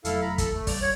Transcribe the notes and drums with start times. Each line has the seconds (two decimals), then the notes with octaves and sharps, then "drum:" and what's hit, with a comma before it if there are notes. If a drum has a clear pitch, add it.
0.05 F1 F#3 A3 E4 A4 F5, drum: hi-hat
0.21 A#5 B5
0.38 A4, drum: kick, hi-hat
0.54 A3
0.67 G3 D5, drum: kick, open hi-hat
0.81 C#5